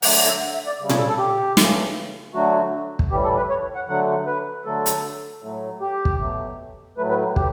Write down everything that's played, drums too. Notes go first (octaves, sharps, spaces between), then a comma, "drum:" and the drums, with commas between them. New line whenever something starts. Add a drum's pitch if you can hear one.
D3 F#3 A3 F#5, drum: open hi-hat
F#5
E5
F#5
E5
D5
C#3 G3
C#5, drum: tom A#2
A4
A4
G4
C#3 E3 A3, drum: snare
D3 F#3 A3 F#4
drum: kick
A2 E3 G3 G4
A4
B4
C#5
F#5
D3 F#3 A3 F#5
B4
D3 F#3 A3 A4
drum: hi-hat
A2 F#3 A3
G4
drum: kick
B2 F#3 A3
A2 F#3 A3 B4
B4
G4, drum: kick